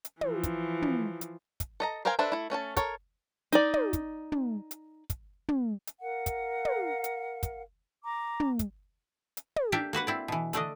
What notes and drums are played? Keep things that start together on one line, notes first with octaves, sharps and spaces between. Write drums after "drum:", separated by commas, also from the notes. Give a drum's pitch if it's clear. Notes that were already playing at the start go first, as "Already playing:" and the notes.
drum: hi-hat
E3 F3, drum: tom
drum: kick, hi-hat
drum: tom
drum: hi-hat
drum: kick, hi-hat
A4 D#5 A#5
A#4 C5 F5 G5 G#5
D4 A4 B4 C5 E5
A3 E4
A3 C#4 D4 A5
A4 A#4 C#5, drum: kick, hi-hat
D#4 D5, drum: hi-hat
drum: tom
drum: kick, hi-hat
drum: tom
drum: hi-hat
drum: kick, hi-hat
drum: tom
drum: hi-hat
A#4 F5 F#5
drum: kick, hi-hat
drum: tom
drum: hi-hat
drum: kick, hi-hat
A#5 D6
drum: tom
drum: kick, hi-hat
drum: hi-hat
drum: tom
A#3 D4 G4 E5 F5 G5
A#3 F#4 B4 F#5
C4 E4 D5
B2 E3
D3 A3 D4 D#5, drum: hi-hat